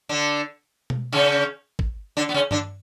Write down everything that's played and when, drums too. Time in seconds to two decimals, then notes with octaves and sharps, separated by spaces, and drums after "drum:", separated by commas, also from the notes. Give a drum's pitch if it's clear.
0.09 D3 D4
0.90 drum: tom B2
1.12 C#3 C#4
1.79 drum: kick
2.17 D3 D4
2.29 B3
2.34 C#3 C#4
2.51 D3 D4, drum: tom G2